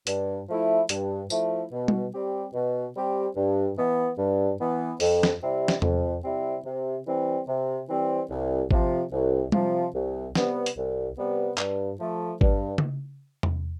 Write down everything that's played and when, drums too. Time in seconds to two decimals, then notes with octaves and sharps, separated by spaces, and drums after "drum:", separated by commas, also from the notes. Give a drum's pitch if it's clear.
0.07 G2, drum: hi-hat
0.48 F3 A3 E4
0.89 G2, drum: hi-hat
1.30 F3 A3 E4, drum: tambourine
1.71 B2
1.88 drum: tom G3
2.13 G3 C4 G4
2.53 B2
2.95 G3 C4 G4
3.36 G2
3.76 E3 B3
4.18 G2
4.60 E3 B3
5.00 F2, drum: open hi-hat
5.23 drum: snare
5.42 C3 G3 C4 E4
5.68 drum: snare
5.82 F2, drum: tom E2
6.23 C3 G3 C4 E4
6.65 C3
7.06 E3 G3 C4
7.47 C3
7.88 E3 G3 C4
8.29 C2
8.71 C3 F3, drum: kick G#1
9.11 C2
9.52 C3 F3, drum: tom G3
9.94 C2
10.35 C3 G3 B3, drum: snare
10.66 drum: hi-hat
10.76 C2
11.17 C3 G3 B3
11.58 G2, drum: clap
12.00 F3 A3
12.41 G2, drum: kick G#1
12.78 drum: tom C#3
13.43 drum: tom E2